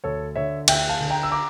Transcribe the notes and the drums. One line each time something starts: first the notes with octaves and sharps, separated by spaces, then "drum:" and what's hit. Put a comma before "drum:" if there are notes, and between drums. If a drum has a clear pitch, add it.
D2 A4 C#5
D3 C#5 E5
D2 E5 G5, drum: cymbal
F5 A5
D3
G5 A#5
E6
A#5 D6